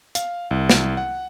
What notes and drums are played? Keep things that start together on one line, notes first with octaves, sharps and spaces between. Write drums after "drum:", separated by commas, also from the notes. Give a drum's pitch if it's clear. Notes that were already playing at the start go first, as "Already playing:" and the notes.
F5, drum: hi-hat
C2
drum: snare
F#5